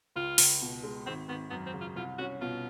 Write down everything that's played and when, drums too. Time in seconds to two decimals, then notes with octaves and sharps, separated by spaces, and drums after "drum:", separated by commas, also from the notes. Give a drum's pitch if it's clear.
0.16 C#2 F4
0.38 C#2, drum: open hi-hat
0.61 B2
0.84 G#3
1.06 G#1 C4
1.28 G#1 B3
1.50 F#2 B3
1.66 C4
1.73 C#3
1.81 F4
1.96 C2 F4
2.18 C#4 F#4
2.41 B2 F4